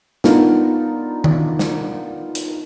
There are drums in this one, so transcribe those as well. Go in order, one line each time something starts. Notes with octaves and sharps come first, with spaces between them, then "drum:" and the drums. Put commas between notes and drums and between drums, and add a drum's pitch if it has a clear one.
B3 D4 D#4 F4 A#4, drum: snare
drum: tom D#3
drum: snare
drum: hi-hat